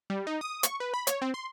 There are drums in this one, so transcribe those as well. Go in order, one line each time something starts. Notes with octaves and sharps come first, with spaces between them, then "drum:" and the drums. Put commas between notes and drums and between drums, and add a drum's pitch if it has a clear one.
G3
D#4
D#6
C#6, drum: hi-hat
B4
B5
C#5, drum: hi-hat
C4
C6